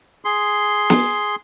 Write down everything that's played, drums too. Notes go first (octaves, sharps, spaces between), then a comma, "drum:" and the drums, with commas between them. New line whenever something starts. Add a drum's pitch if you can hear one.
G#4 C6
drum: snare